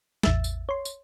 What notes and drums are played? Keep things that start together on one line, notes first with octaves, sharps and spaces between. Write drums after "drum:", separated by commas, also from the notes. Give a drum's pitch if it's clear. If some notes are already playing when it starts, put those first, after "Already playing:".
A1 E2 E5 E6 A6, drum: snare
drum: tambourine
C#5 C6
drum: tambourine